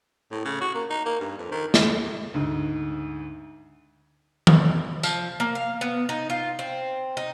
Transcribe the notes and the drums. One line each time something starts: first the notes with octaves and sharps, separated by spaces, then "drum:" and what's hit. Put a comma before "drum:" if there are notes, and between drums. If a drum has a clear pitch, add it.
A2
C#3
F#4
A#3
D#4
A#3
G2
F2
D#3
drum: snare
D2 G#2
drum: tom D#3
F3, drum: tambourine
A#3
F5
B3
D#4
F4
C4
D#4